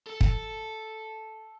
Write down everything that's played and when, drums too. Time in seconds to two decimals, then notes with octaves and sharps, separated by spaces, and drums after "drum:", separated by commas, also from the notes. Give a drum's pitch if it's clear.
0.07 A4 A5
0.21 drum: kick